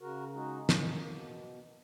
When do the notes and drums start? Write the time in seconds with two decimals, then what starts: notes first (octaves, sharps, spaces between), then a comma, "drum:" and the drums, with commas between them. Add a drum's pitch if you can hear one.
0.01 C#3 F#4 A#4
0.34 G#3 D#4 F#4
0.69 A#3, drum: snare
1.01 B2